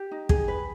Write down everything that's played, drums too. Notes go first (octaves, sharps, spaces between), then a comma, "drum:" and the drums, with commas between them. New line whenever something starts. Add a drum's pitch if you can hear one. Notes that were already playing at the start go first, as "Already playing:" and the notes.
Already playing: G4
D#4
G#4, drum: kick
B4